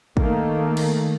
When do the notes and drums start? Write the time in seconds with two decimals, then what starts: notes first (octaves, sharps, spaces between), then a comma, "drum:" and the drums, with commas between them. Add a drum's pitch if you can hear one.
0.17 D#3 A3 A#3, drum: kick
0.77 drum: cymbal